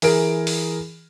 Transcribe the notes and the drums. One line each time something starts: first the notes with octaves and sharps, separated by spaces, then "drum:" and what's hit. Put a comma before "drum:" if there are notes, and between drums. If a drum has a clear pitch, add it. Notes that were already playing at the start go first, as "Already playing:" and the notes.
E3 G#4 A#4 D7, drum: open hi-hat
drum: open hi-hat